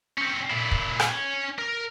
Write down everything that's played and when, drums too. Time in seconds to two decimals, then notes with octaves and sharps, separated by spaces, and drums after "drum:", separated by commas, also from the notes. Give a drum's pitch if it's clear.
0.18 C4 C#4
0.51 A#2 E4
0.71 drum: kick
1.00 drum: rim click
1.09 C#4 G#5
1.58 A#4